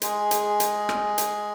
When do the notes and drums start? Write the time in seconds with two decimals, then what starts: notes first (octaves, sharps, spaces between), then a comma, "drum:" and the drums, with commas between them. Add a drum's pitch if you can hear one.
0.02 G#3 G#4, drum: hi-hat
0.31 drum: hi-hat
0.60 drum: hi-hat
0.89 drum: rim click
1.18 drum: hi-hat